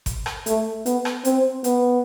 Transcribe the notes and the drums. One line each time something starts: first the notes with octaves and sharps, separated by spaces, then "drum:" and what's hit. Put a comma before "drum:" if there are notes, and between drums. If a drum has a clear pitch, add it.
drum: kick G1, hi-hat
drum: rim click
A3, drum: hi-hat
B3, drum: hi-hat
drum: rim click
C4, drum: hi-hat
B3, drum: hi-hat